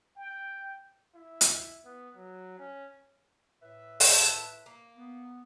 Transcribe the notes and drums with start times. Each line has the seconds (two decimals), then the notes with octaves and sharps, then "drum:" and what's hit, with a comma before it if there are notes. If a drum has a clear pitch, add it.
0.16 G5
1.15 E4
1.41 drum: hi-hat
1.85 B3
2.16 F#3
2.59 C#4
3.62 A2 B4 E5
4.00 D4 E4 A4, drum: open hi-hat
4.66 A#3
4.97 B3